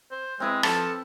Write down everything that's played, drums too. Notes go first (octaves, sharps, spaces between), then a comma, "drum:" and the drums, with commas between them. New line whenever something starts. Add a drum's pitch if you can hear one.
C5
G#3 C4 E4 B4
F3 A4 A5, drum: rim click